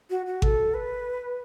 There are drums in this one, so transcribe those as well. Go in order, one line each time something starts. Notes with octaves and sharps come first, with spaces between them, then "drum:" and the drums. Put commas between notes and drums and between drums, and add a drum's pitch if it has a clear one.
F#4
F#4
A4, drum: kick G#1
B4